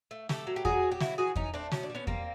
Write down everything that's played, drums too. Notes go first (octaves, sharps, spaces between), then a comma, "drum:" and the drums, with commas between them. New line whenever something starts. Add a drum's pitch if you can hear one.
A3
A3 G4 A4, drum: snare
F#3
G4
D3 F#4 G#4, drum: kick E2
F#3
G4
C#3 E4 F#4, drum: snare
E3 F#4 G#4
E3 C#4 D#4, drum: kick E2
A3 C4 D4
B2 C#4, drum: snare
D4
G3
B3 C#4
G3 A#3 C4, drum: kick E2